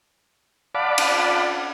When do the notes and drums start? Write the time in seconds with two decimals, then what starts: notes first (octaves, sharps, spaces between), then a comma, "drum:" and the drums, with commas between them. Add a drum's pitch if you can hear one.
0.75 D5 F5 F#5 A5 B5 D6
0.98 drum: cymbal